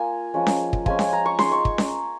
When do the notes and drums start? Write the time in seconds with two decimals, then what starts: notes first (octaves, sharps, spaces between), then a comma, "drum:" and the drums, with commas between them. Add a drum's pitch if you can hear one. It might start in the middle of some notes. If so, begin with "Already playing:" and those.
Already playing: A#3 F4 G#5 A#5
0.34 F3 G#3 C#4
0.47 drum: snare C#4
0.73 drum: kick
0.86 F3 G#3 C#4 G#5, drum: kick
0.99 G#5, drum: snare C#4
1.13 A#5
1.26 C#6
1.39 G#3 D#4 C6, drum: snare C#4
1.52 C#6
1.65 drum: kick
1.78 drum: snare C#4